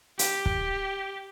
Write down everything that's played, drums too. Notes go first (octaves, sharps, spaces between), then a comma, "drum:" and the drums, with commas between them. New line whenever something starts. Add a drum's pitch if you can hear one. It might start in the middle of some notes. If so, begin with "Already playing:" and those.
G4, drum: hi-hat
drum: kick